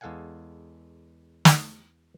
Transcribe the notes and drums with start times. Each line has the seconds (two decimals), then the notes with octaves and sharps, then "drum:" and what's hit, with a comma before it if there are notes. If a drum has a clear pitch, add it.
0.01 E2 G#3 A4 F5 F#5 G#5
1.45 drum: snare